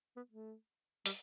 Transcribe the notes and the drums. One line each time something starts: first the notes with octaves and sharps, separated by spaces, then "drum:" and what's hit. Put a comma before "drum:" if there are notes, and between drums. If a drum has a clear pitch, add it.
B3
A3
G3, drum: hi-hat